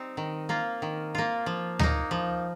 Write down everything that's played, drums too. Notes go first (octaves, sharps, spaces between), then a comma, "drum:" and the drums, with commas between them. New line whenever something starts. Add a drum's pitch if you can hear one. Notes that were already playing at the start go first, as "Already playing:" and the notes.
Already playing: G3 C4 D#4
D#3
A#3 F4
D#3
A#3 F4
F3
A#3 D#4, drum: tom D2
F3